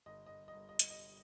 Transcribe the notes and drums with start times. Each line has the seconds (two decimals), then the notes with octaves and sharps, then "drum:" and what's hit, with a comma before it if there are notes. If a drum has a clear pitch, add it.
0.06 G1 D#5
0.26 D#5
0.48 G1 D#5
0.69 D#5
0.79 drum: hi-hat
0.90 D#5